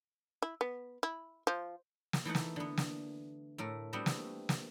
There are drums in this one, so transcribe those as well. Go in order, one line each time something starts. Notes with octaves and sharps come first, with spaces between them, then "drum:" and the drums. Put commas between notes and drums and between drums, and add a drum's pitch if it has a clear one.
E4
B3
E4
F3
drum: snare
E3 A3 D#4 F#5
drum: snare
D3 B3
drum: snare
A2 A3 A#4
G3 A3 B3 C4 D4 F#4
drum: snare
drum: snare